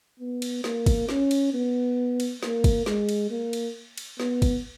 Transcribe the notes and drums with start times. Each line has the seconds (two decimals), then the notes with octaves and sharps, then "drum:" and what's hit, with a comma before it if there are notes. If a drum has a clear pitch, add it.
0.20 B3
0.42 drum: cymbal
0.64 A#3, drum: snare
0.86 drum: kick, cymbal
1.09 C#4, drum: snare
1.31 drum: cymbal
1.53 B3
2.20 drum: cymbal
2.43 A#3, drum: snare
2.64 drum: kick, cymbal
2.86 G#3, drum: snare
3.09 drum: cymbal
3.31 A#3
3.53 drum: cymbal
3.98 drum: cymbal
4.20 B3, drum: snare
4.42 drum: kick, cymbal